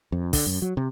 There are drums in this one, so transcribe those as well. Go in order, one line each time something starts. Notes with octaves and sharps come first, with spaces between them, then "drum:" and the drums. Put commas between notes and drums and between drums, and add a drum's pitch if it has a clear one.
F2
D3, drum: kick, open hi-hat
F#2
F#3
C3